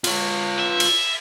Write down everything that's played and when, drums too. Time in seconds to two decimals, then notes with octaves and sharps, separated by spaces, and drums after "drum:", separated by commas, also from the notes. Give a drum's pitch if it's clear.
0.04 F4 C#5, drum: cymbal
0.59 E5
0.80 drum: cymbal